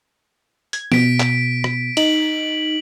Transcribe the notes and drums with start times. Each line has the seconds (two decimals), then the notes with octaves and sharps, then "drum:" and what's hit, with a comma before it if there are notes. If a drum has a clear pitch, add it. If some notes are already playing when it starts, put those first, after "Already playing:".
0.73 G#6, drum: hi-hat
0.92 B2 B6 D7, drum: snare
1.20 drum: clap
1.64 drum: rim click
1.97 D#4 F#7, drum: cymbal